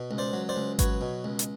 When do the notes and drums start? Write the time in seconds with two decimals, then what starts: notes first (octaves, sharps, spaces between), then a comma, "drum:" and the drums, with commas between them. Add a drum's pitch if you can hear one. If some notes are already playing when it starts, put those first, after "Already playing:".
Already playing: B2
0.11 C#2
0.18 C5 D5
0.33 F#3
0.49 C5 D5
0.56 C#2
0.79 F#3 B4 C#5, drum: kick G#1, hi-hat
1.01 B2
1.24 C#2
1.39 drum: hi-hat